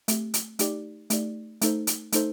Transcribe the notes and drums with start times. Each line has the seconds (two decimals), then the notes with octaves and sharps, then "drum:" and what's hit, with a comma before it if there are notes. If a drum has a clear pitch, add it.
0.08 A3 C4 G4, drum: hi-hat
0.34 drum: hi-hat
0.59 A3 D#4 G4 D5, drum: hi-hat
1.10 A3 D#4 G4 D5, drum: hi-hat
1.61 A3 D#4 A4 C5, drum: hi-hat
1.87 drum: hi-hat
2.12 A3 D#4 A4 C5, drum: hi-hat